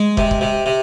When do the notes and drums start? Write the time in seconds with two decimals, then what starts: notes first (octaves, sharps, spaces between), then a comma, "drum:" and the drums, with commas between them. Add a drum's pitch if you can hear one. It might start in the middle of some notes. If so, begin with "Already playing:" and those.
Already playing: G#3
0.17 C3, drum: kick
0.31 drum: kick
0.41 C3
0.66 C3